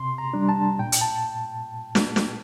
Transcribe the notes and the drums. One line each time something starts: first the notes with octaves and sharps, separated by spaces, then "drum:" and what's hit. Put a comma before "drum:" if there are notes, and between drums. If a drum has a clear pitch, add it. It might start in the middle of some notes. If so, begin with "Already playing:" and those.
Already playing: C3 C6
A#5
G3 D4
A5
A#2 G5
drum: hi-hat
A5
drum: snare
drum: snare